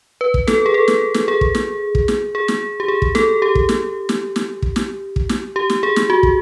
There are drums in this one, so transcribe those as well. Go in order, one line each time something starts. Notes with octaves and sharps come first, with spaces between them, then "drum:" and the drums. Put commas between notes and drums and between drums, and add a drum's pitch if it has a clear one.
B4
drum: kick
A4, drum: snare
G#4
A4
drum: snare
drum: snare
G#4
drum: kick
drum: snare
drum: kick
drum: snare
G#4
drum: snare
G4
G#4
drum: kick
A4, drum: snare
G4
drum: kick
drum: snare
drum: snare
drum: snare
drum: kick
drum: snare
drum: kick
drum: snare
G4
drum: snare
G#4
drum: snare
F#4
drum: kick